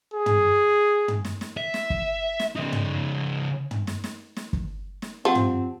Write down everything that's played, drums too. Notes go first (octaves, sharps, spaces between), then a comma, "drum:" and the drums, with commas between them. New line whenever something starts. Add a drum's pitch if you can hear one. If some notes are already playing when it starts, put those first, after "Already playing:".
G#4
drum: tom
drum: tom
drum: snare
drum: snare
E5
drum: snare
drum: kick G1
drum: snare
C#3 D#4
drum: tom
drum: tom
drum: snare
drum: snare
drum: snare
drum: kick G1
drum: snare
F3 C4 G4 F#5
drum: tom